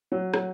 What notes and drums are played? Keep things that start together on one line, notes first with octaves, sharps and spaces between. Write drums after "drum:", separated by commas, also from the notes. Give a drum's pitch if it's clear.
F#3
F#3, drum: rim click